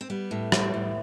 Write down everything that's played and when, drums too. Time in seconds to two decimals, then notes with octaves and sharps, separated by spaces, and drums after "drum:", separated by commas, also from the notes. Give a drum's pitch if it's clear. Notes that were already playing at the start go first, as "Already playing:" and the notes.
0.01 C4
0.10 G3 B3
0.31 A2
0.52 G3, drum: rim click
0.74 A2